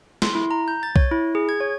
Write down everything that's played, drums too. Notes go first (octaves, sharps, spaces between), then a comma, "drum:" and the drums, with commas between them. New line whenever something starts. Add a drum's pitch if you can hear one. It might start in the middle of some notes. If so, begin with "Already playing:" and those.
C6, drum: snare
E4
A#5
G6
A6
C#5, drum: kick B1
E4
G#4
G#6
C#5